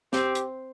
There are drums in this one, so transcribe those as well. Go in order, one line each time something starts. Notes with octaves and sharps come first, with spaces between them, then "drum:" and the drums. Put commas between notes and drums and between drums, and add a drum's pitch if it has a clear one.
C4 G4, drum: snare
drum: hi-hat